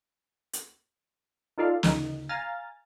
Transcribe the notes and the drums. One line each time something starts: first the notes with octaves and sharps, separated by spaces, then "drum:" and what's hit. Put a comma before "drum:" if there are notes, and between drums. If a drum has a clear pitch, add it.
drum: hi-hat
D#4 F4 A4 D5 F5
D2 C#3 D#4, drum: snare
F5 G#5 A#5 F6 A6